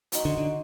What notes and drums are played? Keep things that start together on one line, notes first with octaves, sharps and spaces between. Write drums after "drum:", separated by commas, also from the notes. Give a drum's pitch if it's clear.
D#4 F#4 C5, drum: hi-hat
D3
D3